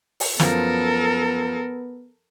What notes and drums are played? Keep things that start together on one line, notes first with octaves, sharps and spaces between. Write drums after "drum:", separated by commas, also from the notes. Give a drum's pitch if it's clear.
drum: open hi-hat
F#2 F3 B3 A4 A#4 F5, drum: snare